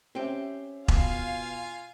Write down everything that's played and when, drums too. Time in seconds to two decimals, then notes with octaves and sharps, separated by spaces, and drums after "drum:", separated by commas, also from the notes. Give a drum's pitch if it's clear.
0.15 C4 C#4 G4 E5
0.88 B2 F4 F5 G#5, drum: kick E1